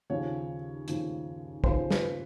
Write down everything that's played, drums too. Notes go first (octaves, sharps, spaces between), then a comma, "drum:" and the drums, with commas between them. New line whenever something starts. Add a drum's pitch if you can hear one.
D#2 C#3 F3 C#5
D#2 C#3 F3, drum: hi-hat
D#2 C#3 F3 C5, drum: kick
B4, drum: snare